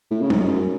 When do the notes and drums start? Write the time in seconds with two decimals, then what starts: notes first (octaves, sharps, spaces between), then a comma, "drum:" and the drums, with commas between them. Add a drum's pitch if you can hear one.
0.11 A2
0.22 C#3
0.30 G#2, drum: tom F#3
0.40 F#2